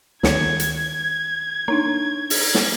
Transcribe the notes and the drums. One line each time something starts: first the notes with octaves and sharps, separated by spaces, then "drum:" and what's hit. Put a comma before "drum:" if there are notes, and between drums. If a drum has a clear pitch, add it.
D2 D#3 C#5 G#6, drum: snare
drum: hi-hat
A#3 D4 D#4 C#5
drum: open hi-hat
drum: snare